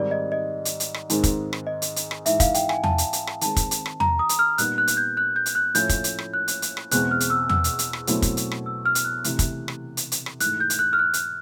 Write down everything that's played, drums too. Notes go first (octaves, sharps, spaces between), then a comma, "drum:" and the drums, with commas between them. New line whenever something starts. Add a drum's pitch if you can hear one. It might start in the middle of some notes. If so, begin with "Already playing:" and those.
Already playing: G#2 D#3 G3 C4 D5
D#5
D#5
drum: hi-hat
drum: hi-hat
drum: rim click
G#2 D#3 G#3 C4, drum: hi-hat
drum: kick, hi-hat
drum: rim click
D#5
drum: hi-hat
drum: hi-hat
drum: rim click
G#2 E3 G#3 E5, drum: hi-hat
F5, drum: kick, hi-hat
G5, drum: hi-hat
G#5, drum: rim click
A5, drum: tom E2
drum: hi-hat
drum: hi-hat
drum: rim click
D#3 G#3 C4 A5, drum: hi-hat
drum: kick, hi-hat
drum: hi-hat
drum: rim click
A#5, drum: tom E2
D#6
drum: hi-hat
F6
A#2 G3 B3 D#4 F#6, drum: hi-hat
F#6
drum: hi-hat
G6
F#6
G6
drum: hi-hat
F#6
A2 F3 A3 C#4 E4 G6, drum: hi-hat
drum: kick, hi-hat
drum: hi-hat
drum: rim click
F#6
drum: hi-hat
drum: hi-hat
drum: rim click
E2 B2 G#3 C4 F#6, drum: hi-hat
F6
drum: hi-hat
E6
E6, drum: tom E2
drum: hi-hat
drum: hi-hat
drum: rim click
B2 F#3 A3 C4 E4, drum: hi-hat
drum: kick, hi-hat
drum: hi-hat
drum: rim click
E6
F6
drum: hi-hat
F#6
C3 E3 A3, drum: hi-hat
drum: kick, hi-hat
drum: rim click
drum: hi-hat
drum: hi-hat
drum: rim click
G#2 E3 A3 F#6, drum: hi-hat
G6
drum: hi-hat
F#6
F6
F#6
drum: hi-hat